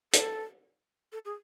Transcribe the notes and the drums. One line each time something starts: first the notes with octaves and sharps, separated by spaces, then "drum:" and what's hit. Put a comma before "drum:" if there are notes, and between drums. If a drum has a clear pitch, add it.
A4, drum: hi-hat
A4
G#4